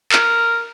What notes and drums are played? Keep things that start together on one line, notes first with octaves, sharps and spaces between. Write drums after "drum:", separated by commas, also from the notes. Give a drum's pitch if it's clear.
A#4, drum: clap